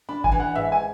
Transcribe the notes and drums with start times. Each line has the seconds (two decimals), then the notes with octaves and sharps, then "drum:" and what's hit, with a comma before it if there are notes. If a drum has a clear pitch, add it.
0.09 D4 B5
0.24 G#5, drum: kick G1
0.32 E3
0.40 F#5
0.55 G#2 E5
0.72 G#5